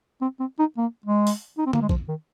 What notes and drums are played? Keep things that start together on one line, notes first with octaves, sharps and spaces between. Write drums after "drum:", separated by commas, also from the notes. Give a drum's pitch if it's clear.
C4
C4
D#4
A#3
G#3
drum: open hi-hat
D#4
C4
A#3, drum: tom D3
G#3
F3, drum: kick
D#3